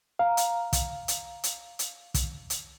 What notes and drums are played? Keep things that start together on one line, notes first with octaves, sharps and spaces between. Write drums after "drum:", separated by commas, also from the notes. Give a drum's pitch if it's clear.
F5 A#5
drum: hi-hat
drum: kick, hi-hat
drum: hi-hat
drum: hi-hat
drum: hi-hat
drum: kick, hi-hat
drum: hi-hat